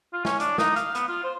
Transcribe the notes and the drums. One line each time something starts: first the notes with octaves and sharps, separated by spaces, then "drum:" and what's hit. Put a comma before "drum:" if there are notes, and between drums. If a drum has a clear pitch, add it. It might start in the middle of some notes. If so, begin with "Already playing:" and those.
F4
C#4, drum: snare
D4, drum: hi-hat
D#4, drum: snare
F5, drum: hi-hat
B3, drum: hi-hat
F4
C5